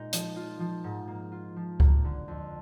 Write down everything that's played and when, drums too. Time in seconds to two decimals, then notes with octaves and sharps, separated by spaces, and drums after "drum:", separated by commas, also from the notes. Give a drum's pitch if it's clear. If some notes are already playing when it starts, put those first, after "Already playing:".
Already playing: A#2 G#3 D#4
0.13 F3, drum: hi-hat
0.36 F4
0.60 F3
0.84 G#2
1.08 A#3
1.32 F4
1.56 F3
1.80 A#3, drum: kick C#2
2.04 D3
2.28 F2